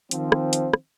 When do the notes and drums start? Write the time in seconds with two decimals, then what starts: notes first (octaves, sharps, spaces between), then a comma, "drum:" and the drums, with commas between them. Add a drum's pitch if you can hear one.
0.11 D#3 F3 C4, drum: hi-hat
0.32 drum: rim click
0.53 drum: hi-hat
0.73 drum: rim click